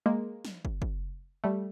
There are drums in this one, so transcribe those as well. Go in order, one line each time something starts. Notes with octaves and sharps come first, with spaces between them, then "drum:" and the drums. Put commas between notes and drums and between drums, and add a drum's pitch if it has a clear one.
G#3 A#3
drum: snare
drum: kick
drum: kick
G3 A3